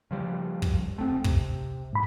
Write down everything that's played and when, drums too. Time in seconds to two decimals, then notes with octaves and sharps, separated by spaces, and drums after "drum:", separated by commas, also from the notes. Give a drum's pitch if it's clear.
0.11 C#3 F3 G3
0.62 drum: kick
0.96 F1 A3 C4
1.24 C3, drum: kick
1.93 G#2 B5